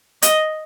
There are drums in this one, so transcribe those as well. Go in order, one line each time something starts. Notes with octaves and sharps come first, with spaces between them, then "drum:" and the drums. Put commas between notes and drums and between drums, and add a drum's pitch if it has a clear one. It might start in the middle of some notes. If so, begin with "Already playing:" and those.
D#5, drum: hi-hat